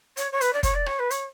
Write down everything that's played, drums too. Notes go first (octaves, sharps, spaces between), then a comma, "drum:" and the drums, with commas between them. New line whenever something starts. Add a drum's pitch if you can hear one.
C#5, drum: hi-hat
C#5
B4, drum: hi-hat
D5
C#5, drum: kick, hi-hat
D5
C#5, drum: rim click
B4
C#5, drum: hi-hat